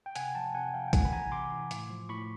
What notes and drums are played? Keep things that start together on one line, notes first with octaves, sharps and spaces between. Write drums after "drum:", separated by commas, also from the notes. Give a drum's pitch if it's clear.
G5
C3 F#5 G#5, drum: hi-hat
F3 G5 A5
C3 F#5 G#5
F3 F5 G5
G5
C3 F#5 G#5, drum: kick, hi-hat
B5
E3 G#5 A#5
C3 C6 D6
E3
A2, drum: hi-hat
F3
A2 B5 C#6